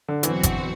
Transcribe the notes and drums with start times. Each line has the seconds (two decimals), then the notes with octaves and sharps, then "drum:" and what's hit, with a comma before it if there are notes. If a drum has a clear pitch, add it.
0.08 D3
0.23 E2 B2 E3 F#3 C4 F#4, drum: hi-hat
0.43 drum: kick G1, hi-hat